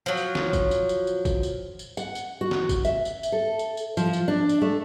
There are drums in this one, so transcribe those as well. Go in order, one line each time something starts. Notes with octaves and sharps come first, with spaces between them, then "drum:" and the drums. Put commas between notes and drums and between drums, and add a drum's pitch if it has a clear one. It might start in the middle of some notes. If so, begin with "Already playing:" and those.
F3 F#3
drum: tambourine
drum: snare
drum: kick, tambourine
drum: tambourine
drum: tambourine
drum: tambourine
drum: kick, tambourine
drum: tambourine
drum: tambourine
F#5, drum: tambourine
drum: tambourine
F#4
drum: snare
drum: kick, tambourine
E5, drum: tambourine
drum: tambourine
drum: tambourine
A4
drum: tambourine
drum: tambourine
F3, drum: tambourine
drum: tambourine
D4
drum: tambourine
A3